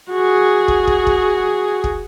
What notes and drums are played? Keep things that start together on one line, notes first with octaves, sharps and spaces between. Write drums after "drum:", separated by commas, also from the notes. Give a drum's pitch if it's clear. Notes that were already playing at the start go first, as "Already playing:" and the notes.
F#4 G#4
drum: kick
drum: kick
drum: kick
drum: kick